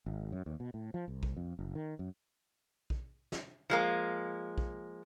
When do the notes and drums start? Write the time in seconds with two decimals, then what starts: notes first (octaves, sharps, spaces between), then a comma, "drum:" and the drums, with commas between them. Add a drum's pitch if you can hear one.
0.06 G#1
0.32 F#2
0.46 D#2
0.60 B2
0.74 A2
0.94 F3
1.08 C2
1.23 drum: kick A#1
1.37 F2
1.59 F#1
1.75 D#3
1.99 F#2
2.90 drum: kick A#1
3.32 drum: snare
3.70 F3 G#3 A#3
4.58 drum: kick A#1